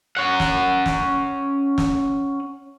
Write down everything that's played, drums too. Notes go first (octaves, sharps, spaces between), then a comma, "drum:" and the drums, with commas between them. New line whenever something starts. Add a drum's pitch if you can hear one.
C#4 F#5
drum: snare
drum: snare
drum: snare